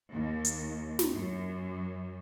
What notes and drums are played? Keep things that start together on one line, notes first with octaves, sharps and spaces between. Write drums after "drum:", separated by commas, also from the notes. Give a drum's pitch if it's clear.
D#2
drum: hi-hat
drum: snare
F#2